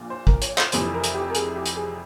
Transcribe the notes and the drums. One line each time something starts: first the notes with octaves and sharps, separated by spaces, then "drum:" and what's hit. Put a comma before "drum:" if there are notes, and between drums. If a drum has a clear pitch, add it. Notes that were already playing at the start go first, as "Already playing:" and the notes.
Already playing: A#1 A#2
C5
A#4, drum: kick
C#5, drum: hi-hat
C5, drum: clap
F1 F2 C3 E3 C5, drum: hi-hat
A#4
drum: hi-hat
G4
A#4
G#4, drum: hi-hat
G4
drum: hi-hat
G#4